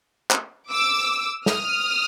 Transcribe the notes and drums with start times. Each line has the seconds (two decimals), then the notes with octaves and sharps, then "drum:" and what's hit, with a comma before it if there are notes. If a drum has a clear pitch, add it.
0.31 drum: clap
0.71 D6 E6
1.46 D#6 F6, drum: snare